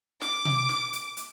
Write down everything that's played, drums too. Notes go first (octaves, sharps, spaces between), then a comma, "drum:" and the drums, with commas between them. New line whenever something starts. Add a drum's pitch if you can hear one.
D6, drum: snare
drum: tom B2
drum: snare
drum: hi-hat
drum: hi-hat